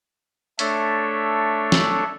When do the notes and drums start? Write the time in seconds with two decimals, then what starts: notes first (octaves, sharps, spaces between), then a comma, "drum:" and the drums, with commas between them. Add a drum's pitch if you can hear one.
0.59 A3 D4 A4 C#5 E5, drum: hi-hat
1.72 drum: snare